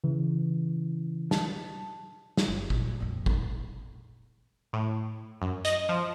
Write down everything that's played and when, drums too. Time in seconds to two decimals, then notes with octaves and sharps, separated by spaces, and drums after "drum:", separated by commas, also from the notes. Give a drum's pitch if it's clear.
0.04 C#3 E3
1.31 A5, drum: snare
2.37 drum: snare
2.48 G1
2.70 A#1, drum: kick
3.00 F2 A#2
3.26 drum: kick
4.73 A2
5.42 F#2
5.65 D#5, drum: hi-hat
5.89 F3